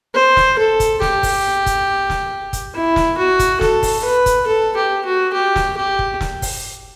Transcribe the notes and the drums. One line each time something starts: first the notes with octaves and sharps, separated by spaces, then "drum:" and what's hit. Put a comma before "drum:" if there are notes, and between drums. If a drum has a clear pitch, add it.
C5
drum: snare
A4
drum: kick, hi-hat
G4, drum: snare
drum: kick, open hi-hat
drum: kick, hi-hat
drum: snare
drum: kick, hi-hat
E4
drum: snare
F#4
drum: kick, hi-hat
A4, drum: snare
drum: kick, open hi-hat
B4
drum: kick, hi-hat
A4
G4
F#4
G4
drum: snare
G4
drum: kick
drum: snare
drum: kick, open hi-hat